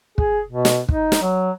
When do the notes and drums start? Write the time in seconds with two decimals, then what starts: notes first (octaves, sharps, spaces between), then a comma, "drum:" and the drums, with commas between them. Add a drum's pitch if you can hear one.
0.18 G#4, drum: kick
0.48 B2
0.65 drum: snare
0.89 D#4, drum: kick
1.12 drum: snare
1.21 F#3